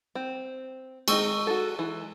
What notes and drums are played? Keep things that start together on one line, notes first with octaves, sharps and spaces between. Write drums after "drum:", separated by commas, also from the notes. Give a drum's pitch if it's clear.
C4
D#3 G#3 C4 D#4 C#6 E6, drum: cymbal
F#4 A4
E3